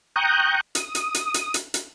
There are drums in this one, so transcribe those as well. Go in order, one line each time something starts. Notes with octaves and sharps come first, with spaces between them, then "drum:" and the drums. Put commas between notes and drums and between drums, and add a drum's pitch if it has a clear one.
G5 A#5 C#6 D#6 F#6 G6
D#6, drum: hi-hat
drum: hi-hat
drum: hi-hat
drum: hi-hat
drum: hi-hat
drum: hi-hat